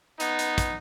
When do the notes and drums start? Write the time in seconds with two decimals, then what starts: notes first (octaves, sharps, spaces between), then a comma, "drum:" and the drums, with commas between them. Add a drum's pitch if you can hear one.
0.20 B3 D#4, drum: hi-hat
0.39 drum: hi-hat
0.58 drum: kick, hi-hat